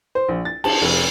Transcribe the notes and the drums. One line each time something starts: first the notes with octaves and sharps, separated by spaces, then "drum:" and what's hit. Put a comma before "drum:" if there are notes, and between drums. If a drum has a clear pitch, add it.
C5
A#1
A6
A5, drum: cymbal
F1